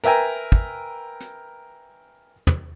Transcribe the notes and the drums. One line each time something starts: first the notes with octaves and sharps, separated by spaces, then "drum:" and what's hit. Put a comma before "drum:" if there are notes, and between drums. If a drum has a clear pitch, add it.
A#4 B4 E5 G5 G#5 A#5, drum: hi-hat
drum: kick
drum: hi-hat
drum: tom